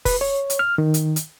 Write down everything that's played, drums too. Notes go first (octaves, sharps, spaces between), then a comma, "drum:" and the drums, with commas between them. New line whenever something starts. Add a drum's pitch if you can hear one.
B4, drum: kick F1, open hi-hat
C#5
drum: hi-hat
F6
D#3
drum: hi-hat
drum: hi-hat